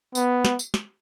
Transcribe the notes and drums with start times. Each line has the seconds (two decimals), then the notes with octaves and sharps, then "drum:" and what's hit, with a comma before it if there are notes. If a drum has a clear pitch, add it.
0.15 B3, drum: tambourine
0.45 drum: snare
0.59 drum: tambourine
0.74 drum: snare